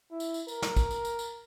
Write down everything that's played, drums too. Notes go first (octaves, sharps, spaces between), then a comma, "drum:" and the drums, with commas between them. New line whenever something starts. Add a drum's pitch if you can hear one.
E4
drum: tambourine
drum: tambourine
A#4, drum: tambourine
drum: snare
drum: kick, tambourine
drum: tambourine
drum: tambourine
drum: tambourine